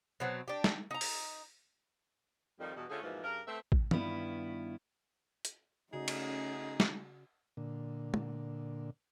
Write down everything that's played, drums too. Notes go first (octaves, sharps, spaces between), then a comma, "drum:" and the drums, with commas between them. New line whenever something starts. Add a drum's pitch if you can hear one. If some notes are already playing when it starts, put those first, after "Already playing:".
B2 F#3 C4
D4 G4
drum: snare
D#4 A#5
drum: open hi-hat
F2 D#3 F3 G3
E2 G2 B2
D3 A3 C#4 F4 G#4
G#2 B2 E3 F3 A#3
G2 C#3 A#4
A3 B3 C4 C5 E5
drum: kick A1
G2 D#3 B3 E4 F4, drum: tom
drum: hi-hat
C#3 A3 C#4 D#4 F#4 G#4 D5
drum: cymbal
drum: snare
A#2 D3
drum: tom